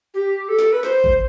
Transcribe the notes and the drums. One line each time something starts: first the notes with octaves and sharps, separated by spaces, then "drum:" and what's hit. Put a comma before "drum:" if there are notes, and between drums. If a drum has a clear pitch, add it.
G4
A4
drum: snare
B4
C5, drum: snare
drum: kick A1